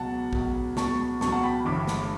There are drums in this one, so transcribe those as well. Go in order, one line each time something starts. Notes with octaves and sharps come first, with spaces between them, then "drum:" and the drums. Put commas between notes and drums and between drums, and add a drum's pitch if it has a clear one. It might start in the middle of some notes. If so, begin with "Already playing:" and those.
Already playing: C#2 B2 F#3 F#5 A5
C#2 B2 F#3, drum: kick
C#2 B2 F#3 A5 C#6, drum: snare
C#2 B2 F#3 A5 C#6, drum: snare
F#5 A5
G5 B5
G1 G2 E3 B5 D6
drum: snare